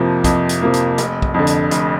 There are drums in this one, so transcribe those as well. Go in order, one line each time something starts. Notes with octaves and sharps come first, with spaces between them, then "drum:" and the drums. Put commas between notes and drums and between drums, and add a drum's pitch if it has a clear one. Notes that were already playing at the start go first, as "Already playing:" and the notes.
Already playing: F2 C3 F3 A#3
F2, drum: kick, hi-hat
drum: hi-hat
C3 F3 A#3
drum: hi-hat
F1, drum: hi-hat
drum: kick
F2 D3
drum: hi-hat
F1, drum: hi-hat